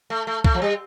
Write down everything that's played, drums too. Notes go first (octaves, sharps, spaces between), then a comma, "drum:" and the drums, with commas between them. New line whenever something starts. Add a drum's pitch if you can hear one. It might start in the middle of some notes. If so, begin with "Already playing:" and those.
A3
A3
A3, drum: kick
F3
G3